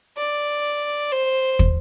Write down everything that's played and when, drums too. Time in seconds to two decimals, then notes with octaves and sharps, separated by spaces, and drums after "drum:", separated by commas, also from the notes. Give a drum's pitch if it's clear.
0.18 D5
1.12 C5
1.59 drum: kick